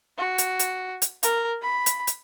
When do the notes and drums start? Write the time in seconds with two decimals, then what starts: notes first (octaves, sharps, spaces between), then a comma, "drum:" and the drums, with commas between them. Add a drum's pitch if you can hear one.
0.18 F#4
0.38 drum: hi-hat
0.59 drum: hi-hat
1.02 drum: hi-hat
1.23 A#4, drum: hi-hat
1.62 B5
1.86 drum: hi-hat
2.07 drum: hi-hat